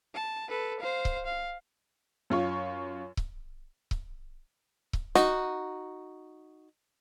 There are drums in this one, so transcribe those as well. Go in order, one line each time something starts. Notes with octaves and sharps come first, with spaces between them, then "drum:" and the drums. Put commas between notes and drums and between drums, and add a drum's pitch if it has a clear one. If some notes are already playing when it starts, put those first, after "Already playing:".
A5
A4 B4
C5 F5
drum: kick C#1
F5
F#2 F4 C#5
drum: kick C#1
drum: kick C#1
drum: kick C#1
D#4 F#4, drum: snare